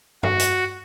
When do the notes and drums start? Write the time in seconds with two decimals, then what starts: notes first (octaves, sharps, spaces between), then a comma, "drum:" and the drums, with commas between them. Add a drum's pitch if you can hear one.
0.23 F#4, drum: tom G2
0.39 drum: hi-hat